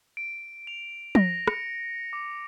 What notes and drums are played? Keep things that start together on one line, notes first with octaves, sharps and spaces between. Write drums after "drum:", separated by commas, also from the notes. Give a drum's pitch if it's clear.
D7
F7
A#6, drum: tom F3
C#7, drum: rim click
D6